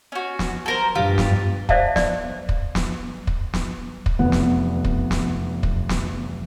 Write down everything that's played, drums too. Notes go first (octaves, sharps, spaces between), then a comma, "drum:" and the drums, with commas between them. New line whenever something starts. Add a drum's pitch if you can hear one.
C#4 F#4
drum: snare
A4 A#4 C5
G2 F4 G4
drum: snare
C5 D5 E5 F5 A5, drum: kick
D5, drum: snare
drum: kick
drum: snare
drum: kick
drum: snare
drum: kick
F1 E2 B3 F#5
drum: snare
drum: kick
drum: snare
drum: kick
drum: snare